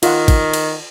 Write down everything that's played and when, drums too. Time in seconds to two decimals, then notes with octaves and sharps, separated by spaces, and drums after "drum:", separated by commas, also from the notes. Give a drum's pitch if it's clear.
0.03 D#3 F4 F#5, drum: cymbal
0.28 drum: kick G#1, cymbal
0.53 drum: cymbal